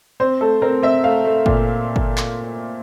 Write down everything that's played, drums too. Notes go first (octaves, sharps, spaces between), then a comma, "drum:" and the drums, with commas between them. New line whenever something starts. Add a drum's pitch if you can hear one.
C4 C5
A3 A4
C4 A#4
C4 E5
A3 F5
A3
A#2, drum: kick G1
drum: kick G1
drum: clap